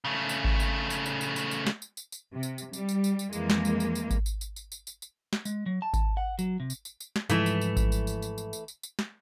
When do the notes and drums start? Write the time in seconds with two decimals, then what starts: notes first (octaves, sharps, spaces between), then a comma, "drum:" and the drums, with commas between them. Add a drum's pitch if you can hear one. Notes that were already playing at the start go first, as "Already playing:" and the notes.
0.05 C#3 A3
0.29 drum: tambourine
0.45 drum: kick G#1
0.60 drum: tambourine
0.90 drum: tambourine
1.06 drum: tambourine
1.21 drum: tambourine
1.36 drum: tambourine
1.51 drum: tambourine
1.67 drum: snare
1.82 drum: tambourine
1.97 drum: tambourine
2.12 drum: tambourine
2.33 C3
2.43 drum: tambourine
2.58 drum: tambourine
2.73 G3, drum: tambourine
2.89 drum: tambourine
3.04 drum: tambourine
3.19 drum: tambourine
3.33 F2 E3 G#3 A#3, drum: tambourine
3.50 drum: snare
3.65 drum: tambourine
3.80 drum: tambourine
3.95 drum: tambourine
4.11 drum: kick G#1, tambourine
4.26 drum: tambourine
4.41 drum: tambourine
4.56 drum: tambourine
4.72 drum: tambourine
4.87 drum: tambourine
5.02 drum: tambourine
5.33 drum: snare
5.45 G#3, drum: tambourine
5.66 F#3
5.82 A5
5.94 drum: kick G#1, tambourine
6.17 F#5
6.39 F#3, drum: tambourine
6.60 C3
6.70 drum: tambourine
6.85 drum: tambourine
7.00 drum: tambourine
7.16 drum: snare
7.30 G#2 E3 F3 G#3 A3, drum: tambourine
7.46 drum: tambourine
7.61 drum: tambourine
7.77 drum: kick G#1, tambourine
7.92 drum: tambourine
8.07 drum: tambourine
8.22 drum: tambourine
8.38 drum: tambourine
8.53 drum: tambourine
8.68 drum: tambourine
8.83 drum: tambourine
8.99 drum: snare